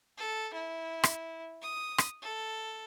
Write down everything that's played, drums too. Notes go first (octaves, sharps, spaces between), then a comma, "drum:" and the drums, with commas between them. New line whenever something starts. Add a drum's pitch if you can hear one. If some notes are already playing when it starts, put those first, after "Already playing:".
A4
E4
drum: rim click
D#6
drum: rim click
A4